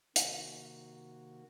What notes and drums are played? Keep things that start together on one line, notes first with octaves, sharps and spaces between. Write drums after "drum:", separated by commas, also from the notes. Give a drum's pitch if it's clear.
C3 D#3 A#3 F#4, drum: hi-hat